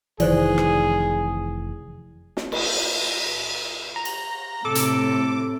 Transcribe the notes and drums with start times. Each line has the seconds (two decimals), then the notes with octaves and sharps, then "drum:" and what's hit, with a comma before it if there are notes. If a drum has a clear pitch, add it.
0.20 F1 D#3 E3 G#4 C5 D5, drum: cymbal
0.58 drum: rim click
2.37 drum: snare
2.52 drum: cymbal
3.96 A#5
4.05 drum: cymbal
4.65 A2 C3 A4 D6
4.75 drum: hi-hat